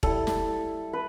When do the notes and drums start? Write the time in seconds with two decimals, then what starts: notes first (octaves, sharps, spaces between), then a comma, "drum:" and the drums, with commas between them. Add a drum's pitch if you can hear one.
0.03 G3 E4 A4, drum: kick E1
0.27 drum: snare
0.93 B4